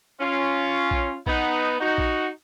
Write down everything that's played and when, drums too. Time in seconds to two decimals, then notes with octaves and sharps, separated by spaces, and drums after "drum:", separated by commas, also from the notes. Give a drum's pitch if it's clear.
0.20 C#4 F4
0.91 drum: kick A#1
1.26 B3 D#4, drum: kick A#1
1.80 D#4 F#4
1.98 drum: kick A#1